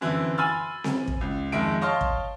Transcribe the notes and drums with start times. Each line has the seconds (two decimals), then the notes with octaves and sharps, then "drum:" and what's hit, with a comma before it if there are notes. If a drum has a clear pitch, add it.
0.01 F#2 D3 E3 C4 E4
0.38 G#5 B5 C6 E6 F6 A6
0.84 drum: snare C4
1.08 drum: kick
1.21 C#2
1.52 F2 D#3 G#3 E5 D7
1.81 C#5 D#5 F5 A5 C6 F6
2.01 drum: kick